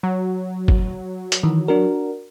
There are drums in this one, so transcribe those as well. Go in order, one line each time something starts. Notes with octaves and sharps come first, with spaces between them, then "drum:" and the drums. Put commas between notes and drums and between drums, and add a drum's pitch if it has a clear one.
F#3
drum: kick
drum: hi-hat
D#3 E3
D4 F#4 A#4